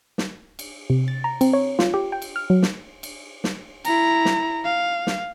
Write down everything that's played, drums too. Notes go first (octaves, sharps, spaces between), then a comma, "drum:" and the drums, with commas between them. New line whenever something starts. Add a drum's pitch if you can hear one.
drum: snare
drum: cymbal
C3
A6
A#5
C4, drum: cymbal
C#5
F4, drum: snare
G4
G5
drum: cymbal
F6
F#3
drum: snare
drum: cymbal
drum: snare
E4 A#5, drum: cymbal
drum: snare
F5
drum: snare